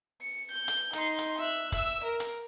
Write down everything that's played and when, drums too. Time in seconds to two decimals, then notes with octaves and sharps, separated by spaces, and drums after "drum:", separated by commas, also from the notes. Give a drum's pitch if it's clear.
0.21 C#7
0.51 G6
0.68 drum: hi-hat
0.93 D#4 C6, drum: hi-hat
1.19 drum: hi-hat
1.38 E5 F#6
1.72 E5 E6, drum: kick, hi-hat
2.04 A#4
2.20 drum: hi-hat